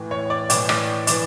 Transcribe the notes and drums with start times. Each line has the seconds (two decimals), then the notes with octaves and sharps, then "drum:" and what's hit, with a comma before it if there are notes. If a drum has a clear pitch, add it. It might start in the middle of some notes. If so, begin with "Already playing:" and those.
Already playing: A2 E3
0.11 C#5
0.30 D5
0.50 A2 E3 D5, drum: hi-hat
0.69 D5, drum: rim click
1.07 E3 D5, drum: hi-hat